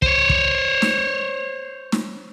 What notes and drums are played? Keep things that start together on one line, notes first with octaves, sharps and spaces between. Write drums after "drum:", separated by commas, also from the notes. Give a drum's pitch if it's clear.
C5 C#5, drum: kick
drum: kick
drum: snare
drum: snare